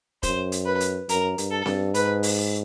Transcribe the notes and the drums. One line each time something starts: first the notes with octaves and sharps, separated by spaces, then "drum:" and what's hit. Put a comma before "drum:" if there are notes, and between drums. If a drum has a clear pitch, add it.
F#2 C5, drum: kick E1, hi-hat
drum: hi-hat
B4
drum: hi-hat
F#2 A#4, drum: hi-hat
G2, drum: hi-hat
A4
G2, drum: snare C4
G#2 B4, drum: hi-hat
drum: open hi-hat